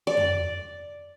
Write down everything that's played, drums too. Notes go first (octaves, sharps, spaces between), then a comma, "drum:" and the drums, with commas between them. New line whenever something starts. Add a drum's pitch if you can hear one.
D5
drum: tom F2